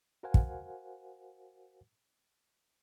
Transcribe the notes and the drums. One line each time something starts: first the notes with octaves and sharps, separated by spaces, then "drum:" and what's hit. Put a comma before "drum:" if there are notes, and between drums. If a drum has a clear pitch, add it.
F#4 A#4 C5 F5 F#5 G#5
drum: kick